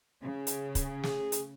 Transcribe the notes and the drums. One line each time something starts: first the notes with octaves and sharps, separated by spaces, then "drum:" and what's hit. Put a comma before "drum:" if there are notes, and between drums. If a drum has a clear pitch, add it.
C#3
drum: hi-hat
drum: kick, hi-hat
G#4, drum: snare
drum: hi-hat